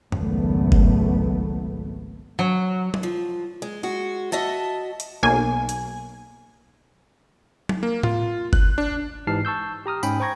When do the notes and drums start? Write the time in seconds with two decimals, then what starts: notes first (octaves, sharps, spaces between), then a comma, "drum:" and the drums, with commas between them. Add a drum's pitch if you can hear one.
0.12 G#1 C#2 G#2 F#3 A3 B3, drum: tom F2
0.72 drum: kick F#1
2.39 F#3
2.94 drum: tom F#3
3.03 F3
3.62 G#3
3.83 G#3 F#4
4.32 F#4 D#5 E5 A5
5.00 drum: hi-hat
5.23 B1 A#3 G#5
5.69 drum: hi-hat
7.69 drum: tom F#3
7.83 A#3
8.03 F4, drum: tom A2
8.53 F#6, drum: kick F#1
8.78 D4
9.27 G#2 E3 G4 A5 F6 C7
9.45 A5 C#6 E6 G6
9.86 G4 A#5 D#6 F6
10.03 G#2 C#4 G5 G#5 B5, drum: tambourine
10.20 C5 G5 A#5 C#6 G#6 A#6